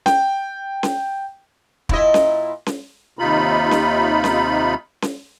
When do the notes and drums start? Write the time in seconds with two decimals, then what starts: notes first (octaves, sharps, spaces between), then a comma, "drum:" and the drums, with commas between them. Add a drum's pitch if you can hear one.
0.06 G5, drum: snare C#4
0.83 drum: snare C#4
1.89 A#2 E4 D#5, drum: kick
2.14 drum: snare C#4
2.66 drum: snare C#4
3.19 D#2 C3 D#4 F4 B5
3.71 drum: snare C#4
4.24 drum: snare C#4
5.02 drum: snare C#4